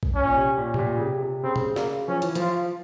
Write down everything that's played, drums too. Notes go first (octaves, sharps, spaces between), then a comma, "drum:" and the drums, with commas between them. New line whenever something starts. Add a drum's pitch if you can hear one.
drum: kick
C#4
A#2
C3
A#2
C3, drum: tom A2
A#2
C#3
C3
C3
C#3 C4
drum: tom
A#3, drum: snare
F3 C#4
E3, drum: hi-hat
F3 F4, drum: hi-hat